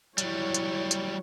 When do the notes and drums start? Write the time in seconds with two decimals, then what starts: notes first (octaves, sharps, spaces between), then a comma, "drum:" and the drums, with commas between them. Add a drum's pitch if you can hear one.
0.18 F#3 G3 E4 C#5, drum: hi-hat
0.54 drum: hi-hat
0.91 drum: hi-hat